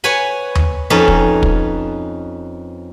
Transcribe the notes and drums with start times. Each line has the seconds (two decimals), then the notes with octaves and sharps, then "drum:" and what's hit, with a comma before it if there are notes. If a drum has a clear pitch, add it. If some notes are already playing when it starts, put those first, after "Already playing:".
0.04 B4 C#5 F#5 G#5 B5
0.55 drum: tom D#2
0.90 F2 C#4 D#4 B4 A5
1.08 drum: kick
1.43 drum: kick